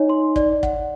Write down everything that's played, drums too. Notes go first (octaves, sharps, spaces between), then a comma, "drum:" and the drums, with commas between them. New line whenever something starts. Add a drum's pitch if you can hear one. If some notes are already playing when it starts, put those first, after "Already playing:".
Already playing: D#4 C#5 G#5
C6
D5, drum: kick
F#5, drum: kick